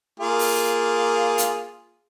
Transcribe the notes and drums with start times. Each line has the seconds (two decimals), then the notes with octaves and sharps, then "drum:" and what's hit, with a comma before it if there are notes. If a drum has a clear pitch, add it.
0.20 A#3 F4 G#4
0.39 drum: open hi-hat
1.38 drum: hi-hat